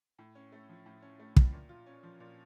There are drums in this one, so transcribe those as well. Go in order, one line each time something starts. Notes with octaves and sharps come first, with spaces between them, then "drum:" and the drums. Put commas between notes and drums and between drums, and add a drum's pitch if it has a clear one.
A2
C#4
A3
F3
A2
C#4
A3
F3, drum: kick
A#2
F4
C#4
F3
A#2